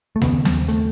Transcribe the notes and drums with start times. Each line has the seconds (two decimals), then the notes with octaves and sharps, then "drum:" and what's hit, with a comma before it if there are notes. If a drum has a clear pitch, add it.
0.16 A3
0.22 D#2 C#3 B3, drum: tom D#2
0.45 drum: snare
0.68 A3, drum: hi-hat